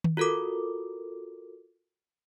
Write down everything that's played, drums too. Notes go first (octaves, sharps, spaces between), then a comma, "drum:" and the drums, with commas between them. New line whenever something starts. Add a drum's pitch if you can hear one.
drum: tom D#3
F4 F#4 A4 A#4 D6